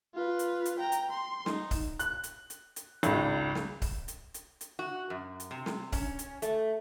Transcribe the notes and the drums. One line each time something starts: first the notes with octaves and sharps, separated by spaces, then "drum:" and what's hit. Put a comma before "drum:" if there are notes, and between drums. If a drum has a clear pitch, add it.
F4 B4
drum: hi-hat
drum: hi-hat
G5 A#5
drum: hi-hat
C6
D#4, drum: snare
drum: kick C#1, open hi-hat
F#6, drum: hi-hat
drum: hi-hat
drum: hi-hat
drum: hi-hat
G#1 C#2, drum: hi-hat
drum: snare
drum: kick C#1, open hi-hat
drum: hi-hat
drum: hi-hat
drum: hi-hat
F#4
F#2
drum: hi-hat
C3
drum: snare
C#4, drum: kick C#1, open hi-hat
drum: hi-hat
A3, drum: hi-hat